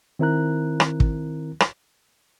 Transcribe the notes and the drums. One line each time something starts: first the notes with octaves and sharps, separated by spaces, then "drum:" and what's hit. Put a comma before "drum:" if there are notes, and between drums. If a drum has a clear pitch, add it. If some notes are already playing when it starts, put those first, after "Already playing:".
D#3 C4 E4 A#4 A#5 F#6
drum: rim click
drum: kick
drum: rim click